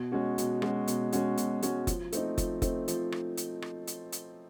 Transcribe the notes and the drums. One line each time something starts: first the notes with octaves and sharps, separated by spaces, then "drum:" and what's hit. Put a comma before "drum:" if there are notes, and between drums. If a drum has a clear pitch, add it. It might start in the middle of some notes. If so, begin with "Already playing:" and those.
Already playing: B2
G#3 C#4 F#4
B2, drum: hi-hat
G#3 C#4 F#4, drum: rim click
B2, drum: hi-hat
G#3 C#4 F#4, drum: hi-hat
B2, drum: hi-hat
G#3 C#4 F#4, drum: hi-hat
F3, drum: kick F#1, hi-hat
A3 C4 D#4, drum: hi-hat
F3, drum: kick F#1, hi-hat
A3 C4 D#4, drum: kick F#1, hi-hat
F3, drum: hi-hat
drum: rim click
drum: hi-hat
drum: rim click
drum: hi-hat
drum: hi-hat